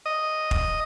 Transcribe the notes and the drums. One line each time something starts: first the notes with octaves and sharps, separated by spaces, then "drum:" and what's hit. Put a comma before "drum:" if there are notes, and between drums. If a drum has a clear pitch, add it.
D#5
drum: kick